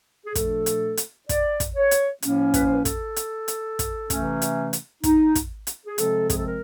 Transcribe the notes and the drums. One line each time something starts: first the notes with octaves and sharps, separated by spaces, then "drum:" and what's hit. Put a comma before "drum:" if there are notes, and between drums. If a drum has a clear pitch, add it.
G#4
A#2 F3 A3 D4 A4, drum: kick, hi-hat
drum: hi-hat
drum: hi-hat
D5, drum: kick, hi-hat
drum: kick, hi-hat
C#5
drum: hi-hat
A2 F3 A#3 C#4, drum: hi-hat
B4, drum: kick, hi-hat
C5
B4
A4, drum: kick, hi-hat
drum: hi-hat
drum: hi-hat
drum: kick, hi-hat
C3 E3 A3 C#4, drum: kick, hi-hat
drum: hi-hat
drum: hi-hat
D#4, drum: kick, hi-hat
drum: kick, hi-hat
drum: hi-hat
G#4
C3 F3 G#3 C4 A4, drum: hi-hat
G#4, drum: kick, hi-hat
A4
A#4